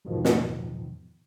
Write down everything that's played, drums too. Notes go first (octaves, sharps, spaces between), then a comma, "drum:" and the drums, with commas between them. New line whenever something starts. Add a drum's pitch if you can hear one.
E2 G#2 B2 D#3 F3
drum: snare